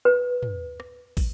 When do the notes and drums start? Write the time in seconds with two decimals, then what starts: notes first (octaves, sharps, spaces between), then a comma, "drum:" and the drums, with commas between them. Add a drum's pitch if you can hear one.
0.05 B4
0.43 drum: tom
0.80 drum: rim click
1.17 drum: kick, open hi-hat